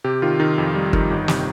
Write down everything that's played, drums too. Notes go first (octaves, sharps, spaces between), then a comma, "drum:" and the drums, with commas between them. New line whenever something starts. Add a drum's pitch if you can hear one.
C3 G4
D#3 F4
D#3 D#4
F2
G3
D#3, drum: kick G1
G1
C3, drum: snare